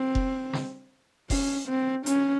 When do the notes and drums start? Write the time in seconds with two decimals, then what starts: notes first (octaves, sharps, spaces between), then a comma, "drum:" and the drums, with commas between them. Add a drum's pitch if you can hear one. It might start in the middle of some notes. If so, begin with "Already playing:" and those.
Already playing: C4
0.15 drum: kick F1
0.53 drum: snare
1.30 C#4, drum: kick F1, open hi-hat
1.68 C4
2.06 C#4, drum: hi-hat